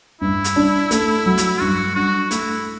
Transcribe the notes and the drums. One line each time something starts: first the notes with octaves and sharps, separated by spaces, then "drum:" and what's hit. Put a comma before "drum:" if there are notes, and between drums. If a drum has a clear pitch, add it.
G2 E4
drum: hi-hat
D4
A3, drum: hi-hat
F#3
drum: hi-hat
G2 F#4
D4 F#4
A3 E4, drum: hi-hat